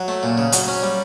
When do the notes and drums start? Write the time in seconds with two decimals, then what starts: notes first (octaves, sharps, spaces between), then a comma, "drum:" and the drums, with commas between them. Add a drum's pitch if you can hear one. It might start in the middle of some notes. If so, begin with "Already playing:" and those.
Already playing: F#3
0.08 A3
0.23 A#2
0.38 C#3
0.52 F#3, drum: hi-hat
0.68 C#4
0.82 G3